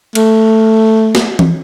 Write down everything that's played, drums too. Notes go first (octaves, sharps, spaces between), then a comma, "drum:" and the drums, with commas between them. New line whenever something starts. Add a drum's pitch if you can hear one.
A3, drum: cymbal
drum: snare
drum: tom E3